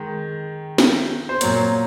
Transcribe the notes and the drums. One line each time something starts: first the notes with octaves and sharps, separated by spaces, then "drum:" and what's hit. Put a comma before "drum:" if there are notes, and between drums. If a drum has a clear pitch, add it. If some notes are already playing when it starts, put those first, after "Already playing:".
Already playing: D#3 G#3
drum: snare
C5
A#2 F#3 A#3 C#5, drum: hi-hat